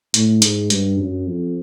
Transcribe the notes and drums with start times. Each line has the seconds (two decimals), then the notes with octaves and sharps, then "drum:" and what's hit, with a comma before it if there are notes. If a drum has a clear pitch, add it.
0.14 A2, drum: hi-hat
0.42 G#2, drum: hi-hat
0.70 G2, drum: hi-hat
0.99 F#2
1.27 F2